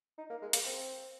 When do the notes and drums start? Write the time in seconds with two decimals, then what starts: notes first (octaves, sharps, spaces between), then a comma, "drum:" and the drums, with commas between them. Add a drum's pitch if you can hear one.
0.18 D#4
0.30 A#3
0.42 G#3
0.53 A#3, drum: hi-hat
0.66 C4